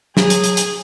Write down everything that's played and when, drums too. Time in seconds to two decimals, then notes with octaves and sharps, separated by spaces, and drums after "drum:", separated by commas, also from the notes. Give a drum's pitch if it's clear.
0.17 F#3 G#4, drum: snare
0.30 drum: hi-hat
0.44 drum: hi-hat
0.57 drum: hi-hat